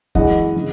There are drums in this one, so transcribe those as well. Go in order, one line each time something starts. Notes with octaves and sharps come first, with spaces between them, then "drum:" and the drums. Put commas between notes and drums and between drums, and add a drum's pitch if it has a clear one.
F#2 E3 G#3 D#5 F#5, drum: kick
C#3 F#3